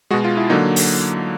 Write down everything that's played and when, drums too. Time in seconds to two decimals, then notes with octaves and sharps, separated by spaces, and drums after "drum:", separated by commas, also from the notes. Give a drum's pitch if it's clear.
0.11 B2 G#3 F#4
0.24 F4
0.37 E4
0.50 D3 F#3 A#3 D#4
0.76 drum: open hi-hat